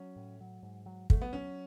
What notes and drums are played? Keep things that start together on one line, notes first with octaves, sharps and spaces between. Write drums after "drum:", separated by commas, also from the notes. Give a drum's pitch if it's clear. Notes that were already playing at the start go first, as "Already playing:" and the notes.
Already playing: F#3 C#4
A2
F#3
G#2
F#3
F#3 A3, drum: kick
B3
F#3 C#4